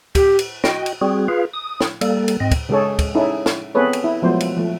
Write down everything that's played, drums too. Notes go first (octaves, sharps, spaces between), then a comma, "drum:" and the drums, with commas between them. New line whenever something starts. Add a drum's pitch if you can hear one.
G4, drum: kick D2, cymbal
drum: cymbal
F#4 D#5 G5, drum: snare
drum: cymbal
G3 C4 F#4 G#4
F4 G#4 B4 F5
D#6
drum: snare
G3 A#3 A4, drum: cymbal
drum: cymbal
G#2 C4 D#5
drum: kick D2, cymbal
C#3 G#3 G#4 A4 C#5
drum: kick D2, cymbal
C#4 D#4 E4 G#4 A4
drum: snare
B3 C4 G#4 A4 B4 C#5
drum: cymbal
E4
F3 F#3 G#3 A3 B3 C5
drum: cymbal
F3 A3